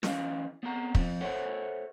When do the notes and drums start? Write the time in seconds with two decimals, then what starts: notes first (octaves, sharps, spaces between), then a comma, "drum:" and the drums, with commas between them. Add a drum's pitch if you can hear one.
0.03 E3 C#4 D#5 F5, drum: snare
0.63 B3 C4 F#5 A#5
0.95 F3 A#3 C4, drum: kick
1.21 A4 C5 C#5 E5 F#5